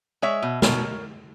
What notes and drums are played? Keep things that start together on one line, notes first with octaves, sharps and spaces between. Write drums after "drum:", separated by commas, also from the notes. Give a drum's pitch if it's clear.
G#3 C#5 E5
B2
B2 A#4 C#5, drum: snare